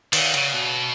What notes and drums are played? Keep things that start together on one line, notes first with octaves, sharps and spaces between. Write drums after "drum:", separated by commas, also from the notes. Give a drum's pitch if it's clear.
D#3, drum: cymbal
C#3, drum: hi-hat
B2